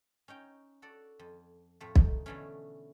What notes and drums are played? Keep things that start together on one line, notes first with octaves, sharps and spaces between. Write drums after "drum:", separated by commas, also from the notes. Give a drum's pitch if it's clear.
C#4 D#4 G5
F#4 A4 D5
F2
F2 A2 A3
D#4, drum: kick
B2 D3 E3 A3 C#4